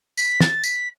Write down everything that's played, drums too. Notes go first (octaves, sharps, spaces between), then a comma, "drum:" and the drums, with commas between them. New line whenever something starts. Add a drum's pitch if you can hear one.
B6, drum: tambourine
A6, drum: snare
B6, drum: tambourine